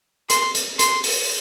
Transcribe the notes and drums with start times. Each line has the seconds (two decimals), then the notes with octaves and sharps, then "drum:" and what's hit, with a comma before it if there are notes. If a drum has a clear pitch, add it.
0.30 C6, drum: hi-hat
0.55 drum: hi-hat
0.79 C6, drum: hi-hat
1.04 drum: open hi-hat